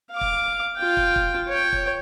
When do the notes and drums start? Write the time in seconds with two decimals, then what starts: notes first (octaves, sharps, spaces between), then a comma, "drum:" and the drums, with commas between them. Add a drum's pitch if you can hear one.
0.11 F5 D6
0.21 drum: kick
0.78 F4 G5
0.97 drum: kick
1.16 drum: kick
1.49 C#5 G5
1.72 drum: kick